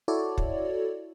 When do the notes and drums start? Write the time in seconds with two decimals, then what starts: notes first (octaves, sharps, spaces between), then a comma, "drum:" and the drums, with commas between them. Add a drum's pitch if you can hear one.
0.08 E4 F#4 A4 C#5 D5
0.38 drum: kick